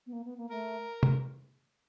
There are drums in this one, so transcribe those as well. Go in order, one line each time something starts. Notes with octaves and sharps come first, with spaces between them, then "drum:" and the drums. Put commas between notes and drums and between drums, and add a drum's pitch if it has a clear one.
B3
A#3
B3
A#3
A3 A#4
drum: tom C3